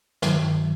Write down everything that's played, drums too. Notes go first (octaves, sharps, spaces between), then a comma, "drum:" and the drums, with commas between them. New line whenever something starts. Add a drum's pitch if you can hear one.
G2 D#3 F#3, drum: snare